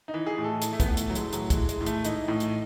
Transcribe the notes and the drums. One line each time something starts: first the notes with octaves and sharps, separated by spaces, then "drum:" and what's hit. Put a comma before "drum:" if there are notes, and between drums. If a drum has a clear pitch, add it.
D#4
E3
G#4
A2
A4
E3, drum: hi-hat
A3
B3, drum: kick, hi-hat
A2
A3, drum: hi-hat
E3 F#3
G#3, drum: hi-hat
A2 F#3, drum: hi-hat
G#3, drum: kick, hi-hat
E3
G#3, drum: hi-hat
A2
A3, drum: hi-hat
E3 D#4, drum: hi-hat
A2
drum: hi-hat